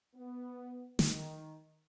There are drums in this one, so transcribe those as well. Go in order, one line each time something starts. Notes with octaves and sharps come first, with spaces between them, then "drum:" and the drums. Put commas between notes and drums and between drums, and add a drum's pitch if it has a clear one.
B3
D#3, drum: snare